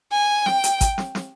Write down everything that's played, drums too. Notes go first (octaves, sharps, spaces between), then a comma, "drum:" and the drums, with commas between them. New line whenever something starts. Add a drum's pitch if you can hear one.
G#5
G5, drum: snare
drum: hi-hat
drum: kick, hi-hat
drum: snare
drum: snare